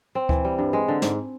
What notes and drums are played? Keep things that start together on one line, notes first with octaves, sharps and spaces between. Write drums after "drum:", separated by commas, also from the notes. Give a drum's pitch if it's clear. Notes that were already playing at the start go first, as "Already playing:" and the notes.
C4
E3, drum: kick D2
G3
G2
G#3
D3
G#2, drum: snare